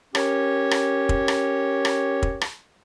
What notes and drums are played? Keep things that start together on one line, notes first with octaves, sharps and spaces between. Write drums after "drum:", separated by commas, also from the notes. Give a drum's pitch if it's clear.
C#4 G4 A#4 C#5, drum: rim click
drum: rim click
drum: kick
drum: rim click
drum: rim click
drum: kick
drum: rim click